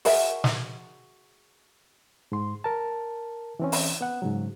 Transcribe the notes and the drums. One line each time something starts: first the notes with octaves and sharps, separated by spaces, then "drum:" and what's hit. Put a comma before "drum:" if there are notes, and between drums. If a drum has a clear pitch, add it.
F#4 G#4 A#4 E5, drum: open hi-hat
drum: snare
G#2 C6
A#4 A5
E3 C4 C#4
drum: open hi-hat
B3 F#5
G#2 C#3 F#3